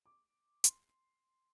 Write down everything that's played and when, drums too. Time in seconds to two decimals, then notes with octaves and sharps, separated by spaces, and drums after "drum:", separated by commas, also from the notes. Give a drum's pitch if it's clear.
0.06 D6
0.64 C6, drum: hi-hat